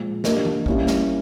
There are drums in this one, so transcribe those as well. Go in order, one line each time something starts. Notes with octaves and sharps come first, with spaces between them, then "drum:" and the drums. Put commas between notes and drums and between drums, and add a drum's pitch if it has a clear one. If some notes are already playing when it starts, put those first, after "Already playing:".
Already playing: A#2 F3 G#3
A#3 D4 G4 A#4 D#5, drum: snare
drum: tom E3
G3 A#3 C#4 E4, drum: kick
drum: snare